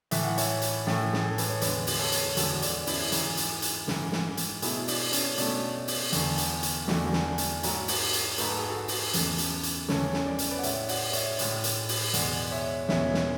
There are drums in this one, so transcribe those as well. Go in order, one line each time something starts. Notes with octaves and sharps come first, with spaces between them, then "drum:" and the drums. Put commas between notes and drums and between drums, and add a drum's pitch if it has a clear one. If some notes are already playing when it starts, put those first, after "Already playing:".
A2 E3 A3 E5, drum: hi-hat
F#5
C#5 E5, drum: hi-hat
drum: hi-hat
A2 E3 A3, drum: snare
G#4, drum: snare
A4
B4, drum: hi-hat
C#5
E2 D3 G#3 B4 D5, drum: hi-hat
drum: open hi-hat
A4 C#5
drum: hi-hat
E2 D3 G#3 F#4 A4, drum: hi-hat
D4, drum: hi-hat
C#4 E4, drum: open hi-hat
G#2 E3 G#3 E4 G#4, drum: hi-hat
drum: hi-hat
drum: hi-hat
G#2 E3 G#3, drum: snare
drum: snare
drum: hi-hat
B2 F#3 A3 E4 G#4, drum: hi-hat
D4, drum: open hi-hat
C#4, drum: hi-hat
B2 F#3 A3 D4, drum: hi-hat
drum: open hi-hat
E2 D3 A3, drum: hi-hat
drum: hi-hat
drum: hi-hat
E2 D3 A3 D4 F#4, drum: snare
drum: snare
drum: hi-hat
G#2 F#3 A3, drum: hi-hat
drum: open hi-hat
drum: hi-hat
G#2 F#3 A3 B4, drum: hi-hat
A4
G#4
F#4 A4
drum: open hi-hat
E2 C#3 E3 A3, drum: hi-hat
drum: hi-hat
drum: hi-hat
E2 C#3 E3 A3 A4 C#5, drum: snare
drum: snare
D5
C#5, drum: hi-hat
B4 D5
F#5
A2 G#3 C#5 E5, drum: hi-hat
D5 F#5, drum: open hi-hat
C#5 E5, drum: hi-hat
A2 G#3, drum: hi-hat
drum: hi-hat
drum: open hi-hat
E2 B2 G#3 D5 F#5, drum: hi-hat
C#5 E5
E2 B2 G#3 C#5 E5, drum: snare
drum: snare